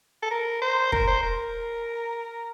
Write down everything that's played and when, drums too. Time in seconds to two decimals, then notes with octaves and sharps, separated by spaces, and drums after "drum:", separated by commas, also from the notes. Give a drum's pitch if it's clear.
0.23 A4
0.31 A#4
0.62 C5
0.92 A#4, drum: kick
1.07 C5
1.22 A#4